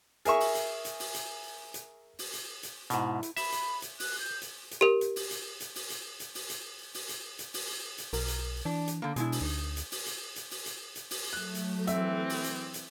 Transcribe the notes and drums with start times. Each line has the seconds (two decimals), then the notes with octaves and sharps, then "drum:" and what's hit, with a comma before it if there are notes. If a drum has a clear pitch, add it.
0.25 G#4 A#4 E5 C#6, drum: hi-hat
0.40 drum: open hi-hat
0.55 drum: hi-hat
0.85 drum: hi-hat
1.00 drum: open hi-hat
1.15 drum: hi-hat
1.74 drum: hi-hat
2.19 drum: open hi-hat
2.33 drum: hi-hat
2.63 drum: hi-hat
2.90 G#2 B2 E4, drum: hi-hat
3.23 drum: hi-hat
3.37 E5 B5, drum: open hi-hat
3.52 drum: hi-hat
3.82 drum: hi-hat
4.00 F#6, drum: open hi-hat
4.20 G6
4.42 drum: hi-hat
4.71 drum: hi-hat
4.81 G4 A#4
5.01 drum: hi-hat
5.16 drum: open hi-hat
5.31 drum: hi-hat
5.61 drum: hi-hat
5.75 drum: open hi-hat
5.90 drum: hi-hat
6.20 drum: hi-hat
6.35 drum: open hi-hat
6.50 drum: hi-hat
6.94 drum: open hi-hat
7.09 drum: hi-hat
7.39 drum: hi-hat
7.54 drum: open hi-hat
7.98 drum: hi-hat
8.13 B1 A#4, drum: open hi-hat
8.28 drum: hi-hat
8.65 E3 D4
8.88 drum: hi-hat
9.02 D3 A#3
9.16 B2 G#3 D4 E4, drum: hi-hat
9.32 drum: open hi-hat
9.41 D2 D#4
9.77 drum: hi-hat
9.92 drum: open hi-hat
10.06 drum: hi-hat
10.36 drum: hi-hat
10.51 drum: open hi-hat
10.66 drum: hi-hat
10.96 drum: hi-hat
11.11 drum: open hi-hat
11.33 F#3 A3 F#6
11.55 drum: hi-hat
11.87 E3 C4 E5, drum: hi-hat
12.29 drum: open hi-hat
12.44 drum: hi-hat
12.74 drum: hi-hat